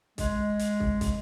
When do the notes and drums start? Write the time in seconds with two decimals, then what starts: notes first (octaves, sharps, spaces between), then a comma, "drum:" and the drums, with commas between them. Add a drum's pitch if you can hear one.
0.18 G#3, drum: kick, hi-hat
0.59 drum: hi-hat
0.80 drum: kick
1.01 drum: kick, hi-hat